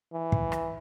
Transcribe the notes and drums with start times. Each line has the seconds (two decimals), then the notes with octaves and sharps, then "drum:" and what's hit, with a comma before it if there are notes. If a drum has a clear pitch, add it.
0.13 E3
0.32 drum: kick
0.52 drum: rim click